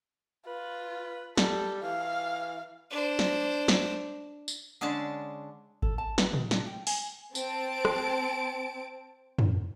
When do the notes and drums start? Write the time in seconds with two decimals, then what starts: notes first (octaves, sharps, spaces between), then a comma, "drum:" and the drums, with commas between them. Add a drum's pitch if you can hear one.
0.47 F4 B4
1.37 G3 A4, drum: snare
1.83 E3 F5
2.90 D4 C5
3.19 drum: snare
3.68 drum: snare
4.48 drum: tambourine
4.81 D3 G#3 C#4 D4 A5
5.82 A4, drum: kick G#1
5.98 A5
6.18 B4, drum: snare
6.33 D#4, drum: tom
6.51 D4, drum: snare
6.67 G5
6.87 G#5, drum: open hi-hat
7.35 C4 A5 D7, drum: tambourine
7.85 drum: rim click
9.38 drum: tom